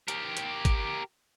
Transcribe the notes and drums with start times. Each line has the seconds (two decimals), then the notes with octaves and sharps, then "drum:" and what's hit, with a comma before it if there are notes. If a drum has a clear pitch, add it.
0.08 G4 A#4, drum: hi-hat
0.37 drum: hi-hat
0.65 drum: kick, hi-hat